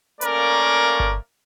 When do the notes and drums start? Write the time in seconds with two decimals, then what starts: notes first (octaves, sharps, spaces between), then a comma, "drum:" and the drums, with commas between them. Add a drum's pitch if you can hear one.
0.21 A3 A#3 C#4 A#4 D5 F5, drum: hi-hat
1.00 drum: kick G1